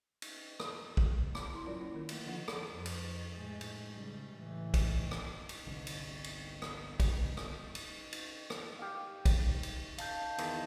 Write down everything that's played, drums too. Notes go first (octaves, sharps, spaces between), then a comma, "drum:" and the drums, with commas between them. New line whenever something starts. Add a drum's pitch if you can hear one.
drum: cymbal
drum: rim click
drum: kick
drum: rim click
E4 C6
F#3 C#4 F4 A#4 C#5 D5
A#3 C#4 E4
D#3 A#4
A3 A#3, drum: cymbal
D3 F3 D4 F4 F#5
drum: rim click
F2
drum: cymbal
A2 G#3
drum: cymbal
C#3 G3
A2 E3
drum: kick, cymbal
drum: rim click
drum: cymbal
G1 C2
drum: cymbal
drum: cymbal
drum: rim click
drum: kick, cymbal
drum: rim click
drum: cymbal
drum: cymbal
drum: rim click
G4 F5
drum: kick, cymbal
drum: cymbal
F5 A5 G6, drum: cymbal
E2 D#3 E3, drum: cymbal